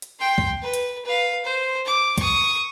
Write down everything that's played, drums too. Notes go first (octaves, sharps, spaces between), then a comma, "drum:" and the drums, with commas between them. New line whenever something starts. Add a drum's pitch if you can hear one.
drum: hi-hat
G5 C6
drum: kick C2
B4
drum: hi-hat
B4 F5
C5
D6
C#6 D#6, drum: kick C2, hi-hat